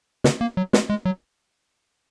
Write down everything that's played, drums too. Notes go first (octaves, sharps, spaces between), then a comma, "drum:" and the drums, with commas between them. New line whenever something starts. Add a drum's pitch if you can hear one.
C#3, drum: snare
A#3
F#3
G#3, drum: snare
G#3
F#3